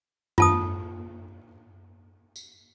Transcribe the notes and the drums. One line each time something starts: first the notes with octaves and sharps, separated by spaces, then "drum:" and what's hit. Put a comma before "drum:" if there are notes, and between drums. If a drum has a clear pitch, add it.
F4 A5 D#6, drum: tom F#2
drum: tambourine